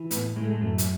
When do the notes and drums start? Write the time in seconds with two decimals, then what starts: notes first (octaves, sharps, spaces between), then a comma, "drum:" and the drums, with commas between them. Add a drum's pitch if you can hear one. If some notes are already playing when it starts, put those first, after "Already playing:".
Already playing: E3
0.11 A2 B3, drum: hi-hat
0.36 A2 G#3
0.43 A3
0.51 G#3
0.61 F#2 A3
0.78 drum: hi-hat